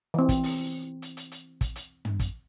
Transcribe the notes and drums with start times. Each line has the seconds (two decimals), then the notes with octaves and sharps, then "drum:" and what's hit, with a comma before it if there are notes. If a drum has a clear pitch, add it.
0.14 E3 C4
0.29 drum: kick, hi-hat
0.43 drum: open hi-hat
1.02 drum: hi-hat
1.17 drum: hi-hat
1.31 drum: hi-hat
1.61 drum: kick, hi-hat
1.76 drum: hi-hat
2.05 drum: tom
2.20 drum: kick, hi-hat